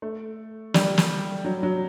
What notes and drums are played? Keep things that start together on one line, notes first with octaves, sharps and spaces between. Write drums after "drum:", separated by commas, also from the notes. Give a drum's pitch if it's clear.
A3
G3, drum: snare
drum: snare
F#3
F#3